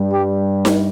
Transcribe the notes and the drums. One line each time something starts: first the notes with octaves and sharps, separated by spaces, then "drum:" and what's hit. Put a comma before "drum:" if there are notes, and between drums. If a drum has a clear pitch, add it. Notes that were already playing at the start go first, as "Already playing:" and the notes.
Already playing: G2 G3
G4
drum: snare D#4